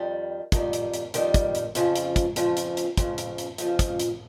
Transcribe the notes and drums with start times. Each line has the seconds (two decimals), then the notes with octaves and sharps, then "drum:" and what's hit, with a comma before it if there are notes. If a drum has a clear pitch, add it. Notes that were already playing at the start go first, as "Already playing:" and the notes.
Already playing: F2 D#3 G3
0.52 F2 D#3 G3, drum: kick, hi-hat
0.73 drum: hi-hat
0.94 drum: hi-hat
1.14 F2 D#3 G3, drum: hi-hat
1.34 drum: kick, hi-hat
1.55 drum: hi-hat
1.75 F2 C#3 F3, drum: hi-hat
1.96 drum: hi-hat
2.16 drum: kick, hi-hat
2.36 F2 C#3 F3, drum: hi-hat
2.57 drum: hi-hat
2.77 drum: hi-hat
2.97 F2 C#3 F3, drum: kick, hi-hat
3.18 drum: hi-hat
3.38 drum: hi-hat
3.58 F2 C#3 F3, drum: hi-hat
3.79 drum: kick, hi-hat
4.00 drum: hi-hat